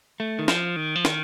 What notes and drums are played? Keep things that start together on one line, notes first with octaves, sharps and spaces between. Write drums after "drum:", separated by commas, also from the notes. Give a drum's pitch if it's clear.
A3
D#3
F3, drum: snare
D#3
F3
D#3, drum: snare